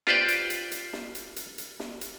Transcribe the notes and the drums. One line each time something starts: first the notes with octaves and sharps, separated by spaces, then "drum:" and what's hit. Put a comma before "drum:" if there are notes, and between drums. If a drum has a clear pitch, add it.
F4 G4 B4 C5 D5, drum: snare
drum: hi-hat
drum: hi-hat
drum: hi-hat
drum: snare
drum: hi-hat
drum: hi-hat
drum: hi-hat
drum: snare
drum: hi-hat